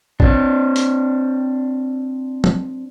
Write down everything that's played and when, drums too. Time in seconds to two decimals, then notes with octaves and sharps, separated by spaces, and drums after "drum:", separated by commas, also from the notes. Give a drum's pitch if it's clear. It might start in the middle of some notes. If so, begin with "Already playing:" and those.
0.20 C4 D4, drum: kick
0.76 drum: hi-hat
2.44 drum: tom